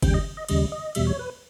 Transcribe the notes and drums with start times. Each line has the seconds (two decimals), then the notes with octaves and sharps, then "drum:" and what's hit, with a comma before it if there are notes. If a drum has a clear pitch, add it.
0.03 D#2 C#3 G3 G5, drum: kick, cymbal
0.14 D#5
0.37 D#5
0.48 D#2 C#3 G3 D#5, drum: cymbal
0.72 D#5
0.95 E2 B2 G3 E5, drum: cymbal
1.07 C#5
1.19 B4